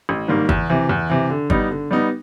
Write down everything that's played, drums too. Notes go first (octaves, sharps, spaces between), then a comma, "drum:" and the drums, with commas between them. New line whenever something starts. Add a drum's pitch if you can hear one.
A1
G#2 D#3 G3 A#3
E2, drum: kick
C3 E3
E2
C3 E3
D3
G3 B3 D#4, drum: kick
D3
G3 B3 D#4